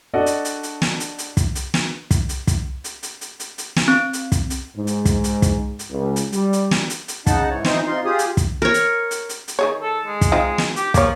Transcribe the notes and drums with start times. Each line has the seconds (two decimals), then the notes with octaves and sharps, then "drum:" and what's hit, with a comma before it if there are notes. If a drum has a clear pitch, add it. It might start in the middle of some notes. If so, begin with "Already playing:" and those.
0.14 D4 F#4 A4 D5 D#5 F#5
0.26 drum: hi-hat
0.45 drum: hi-hat
0.63 drum: hi-hat
0.82 drum: snare
1.00 drum: hi-hat
1.18 drum: hi-hat
1.37 drum: kick, hi-hat
1.55 drum: hi-hat
1.74 drum: snare
2.11 drum: kick, hi-hat
2.29 drum: hi-hat
2.47 drum: kick, hi-hat
2.84 drum: hi-hat
3.03 drum: hi-hat
3.21 drum: hi-hat
3.40 drum: hi-hat
3.58 drum: hi-hat
3.76 drum: snare
3.88 C4
4.13 drum: hi-hat
4.32 drum: kick, hi-hat
4.50 drum: hi-hat
4.76 G#2
4.87 drum: hi-hat
5.05 drum: kick, hi-hat
5.24 drum: hi-hat
5.42 drum: kick, hi-hat
5.79 drum: hi-hat
5.91 C#2
6.16 drum: hi-hat
6.32 G3, drum: hi-hat
6.53 drum: hi-hat
6.71 drum: snare
6.90 drum: hi-hat
7.08 drum: hi-hat
7.27 C#3 D#4 F#5 A5, drum: kick, hi-hat
7.50 G#2 E3 C#5
7.65 E3 C4 D#4 C5, drum: snare
7.87 C3 D#4 F4 C6
8.05 F4 G4 G#4 D#6
8.19 drum: hi-hat
8.37 drum: kick, hi-hat
8.62 A#4 C#5
8.74 drum: hi-hat
9.11 drum: hi-hat
9.29 drum: hi-hat
9.48 drum: hi-hat
9.59 D#3 G#4 C#5
9.82 A4
10.06 G#3
10.21 drum: kick, hi-hat
10.32 C4 D#4 F4
10.58 drum: snare
10.76 G4, drum: hi-hat
10.94 F3 A#3 C#5, drum: kick, hi-hat